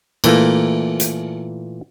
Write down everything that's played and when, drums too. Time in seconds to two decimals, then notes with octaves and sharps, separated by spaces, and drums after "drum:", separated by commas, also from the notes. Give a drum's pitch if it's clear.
0.24 A#2 E3 A3 A#3, drum: cymbal
1.00 drum: hi-hat